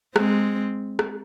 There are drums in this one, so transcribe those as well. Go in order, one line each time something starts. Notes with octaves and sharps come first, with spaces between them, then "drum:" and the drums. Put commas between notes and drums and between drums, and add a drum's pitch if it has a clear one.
G#3 C4, drum: rim click
drum: rim click